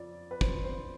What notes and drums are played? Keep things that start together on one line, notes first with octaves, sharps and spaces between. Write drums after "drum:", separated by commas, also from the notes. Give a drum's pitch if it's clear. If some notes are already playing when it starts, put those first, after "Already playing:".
Already playing: F2 D5
B4
C5, drum: kick
C5